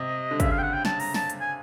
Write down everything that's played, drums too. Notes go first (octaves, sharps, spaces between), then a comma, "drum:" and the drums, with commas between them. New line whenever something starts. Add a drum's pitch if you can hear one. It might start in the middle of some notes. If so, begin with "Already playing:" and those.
Already playing: C3 D#5
D3
C#3 E5, drum: kick, hi-hat
F5
G5
F#5
G5
A5, drum: snare
A#5, drum: open hi-hat
A5, drum: snare
drum: hi-hat
G#5